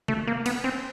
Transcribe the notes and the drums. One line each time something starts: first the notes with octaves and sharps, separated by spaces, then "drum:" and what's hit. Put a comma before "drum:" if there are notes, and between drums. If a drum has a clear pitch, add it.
A3, drum: tom C3
A#3
B3, drum: cymbal
C4